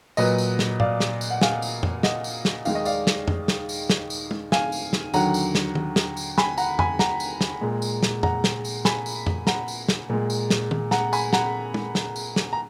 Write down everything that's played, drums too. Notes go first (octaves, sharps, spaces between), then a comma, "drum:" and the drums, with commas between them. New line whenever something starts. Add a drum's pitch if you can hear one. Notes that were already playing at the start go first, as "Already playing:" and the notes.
A#2 F#3 B4 D#5, drum: tambourine
drum: tambourine
drum: snare
D5 F5, drum: tom
drum: snare
drum: tambourine
F#5
F5 G#5, drum: snare
drum: tambourine
drum: tom F2
D#5 F#5, drum: snare
drum: tambourine
drum: snare
D#2 D#3 G#3 F5, drum: tambourine
D#5
D5 F5, drum: tambourine
drum: snare
drum: tom F2
drum: snare
drum: tambourine
drum: snare
drum: tambourine
drum: tom
F5 G#5, drum: snare
drum: tambourine
drum: snare
D#2 D3 F#3 F#5 A#5, drum: tambourine
drum: tambourine
drum: snare
drum: tom D#3
drum: snare
drum: tambourine
G#5 B5, drum: snare
F#5 A#5, drum: tambourine
G#5 B5, drum: tom F2
F#5 A#5, drum: snare
drum: tambourine
drum: snare
A#2 G#3
drum: tambourine
drum: snare
F#5 A#5, drum: tom F2
drum: snare
drum: tambourine
G#5 B5, drum: snare
drum: tambourine
drum: tom F2
F#5 A#5, drum: snare
drum: tambourine
drum: snare
A#2 G#3
drum: tambourine
drum: snare
drum: tom D#3
F#5 A#5, drum: snare
G#5 B5, drum: tambourine
F#5 A#5, drum: snare
drum: tom
drum: snare
drum: tambourine
drum: snare
A#5